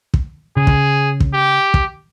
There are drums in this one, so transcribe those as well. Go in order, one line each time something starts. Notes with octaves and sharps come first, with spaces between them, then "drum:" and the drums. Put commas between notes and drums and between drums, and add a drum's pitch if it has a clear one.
drum: kick
C#3 G#4
drum: kick
drum: kick
G4
drum: kick